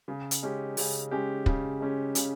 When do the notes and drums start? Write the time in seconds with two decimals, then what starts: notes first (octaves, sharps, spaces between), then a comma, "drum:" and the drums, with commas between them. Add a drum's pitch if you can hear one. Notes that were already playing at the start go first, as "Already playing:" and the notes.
0.08 C#3
0.31 drum: hi-hat
0.43 G#3 C#4 G4
0.77 C#3, drum: open hi-hat
1.11 G#3 C#4 G4
1.46 C#3, drum: kick
1.80 G#3 C#4 G4
2.15 C#3, drum: hi-hat